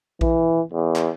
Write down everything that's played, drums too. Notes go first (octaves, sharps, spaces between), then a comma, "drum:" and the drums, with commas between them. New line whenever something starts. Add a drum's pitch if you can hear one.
E3, drum: kick A#1
E2
drum: clap